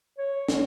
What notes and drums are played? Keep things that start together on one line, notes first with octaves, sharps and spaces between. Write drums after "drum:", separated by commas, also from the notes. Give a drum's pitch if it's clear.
C#5
drum: snare